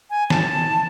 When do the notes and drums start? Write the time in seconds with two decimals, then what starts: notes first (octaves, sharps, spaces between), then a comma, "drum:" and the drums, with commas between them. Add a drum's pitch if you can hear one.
0.10 G#5
0.30 A5, drum: snare